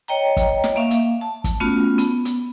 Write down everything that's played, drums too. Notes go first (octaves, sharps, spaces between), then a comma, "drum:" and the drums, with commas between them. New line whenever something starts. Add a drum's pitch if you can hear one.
C#5 D#5 G5 A#5
drum: kick, hi-hat
drum: snare
A#3 E5 F5 C#6
drum: hi-hat
A5
drum: kick, hi-hat
A3 B3 C#4 F4 F#4
B3, drum: hi-hat
drum: hi-hat